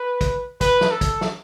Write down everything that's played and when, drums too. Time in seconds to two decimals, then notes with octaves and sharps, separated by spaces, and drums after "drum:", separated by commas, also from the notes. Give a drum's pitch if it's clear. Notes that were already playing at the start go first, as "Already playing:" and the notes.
Already playing: B4
0.21 drum: kick, hi-hat
0.61 B4, drum: kick, hi-hat
0.81 drum: snare
0.91 A4
1.01 drum: kick, hi-hat
1.21 drum: snare